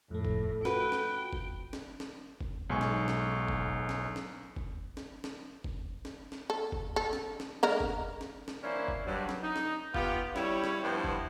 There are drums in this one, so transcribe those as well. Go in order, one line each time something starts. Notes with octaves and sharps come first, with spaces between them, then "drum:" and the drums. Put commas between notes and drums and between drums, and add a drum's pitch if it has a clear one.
F2 A2 A3 A4
drum: kick F1
F4 F#4 B4 G5, drum: snare
drum: snare
drum: kick F1
drum: snare
drum: snare
drum: kick F1
B1 G#2 G#5 C#6
drum: snare
drum: snare
drum: kick F1
drum: snare
drum: snare
drum: kick F1
drum: snare
drum: snare
drum: kick F1
drum: snare
drum: snare
A4
drum: kick F1
A4
drum: snare
drum: snare
D3 G#3 A#4
drum: kick F1
drum: snare
drum: snare
E3 A#3 C#4 D4 E4 C5
drum: kick F1
G2 F#3 G3
drum: snare
D#4
drum: snare
B3 F4 G4, drum: kick F1
G3 E4 C#5, drum: snare
drum: snare
G2 F3 B3 E4 C5 G5
drum: kick F1